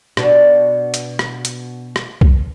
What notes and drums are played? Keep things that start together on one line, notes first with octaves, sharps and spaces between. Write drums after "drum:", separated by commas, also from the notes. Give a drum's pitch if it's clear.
B2 D4, drum: rim click
drum: hi-hat
drum: rim click
drum: hi-hat
drum: rim click
drum: kick C2